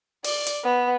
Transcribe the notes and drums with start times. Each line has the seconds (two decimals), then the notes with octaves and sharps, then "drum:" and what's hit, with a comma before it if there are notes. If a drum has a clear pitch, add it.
0.24 D5, drum: open hi-hat
0.46 drum: hi-hat
0.64 B3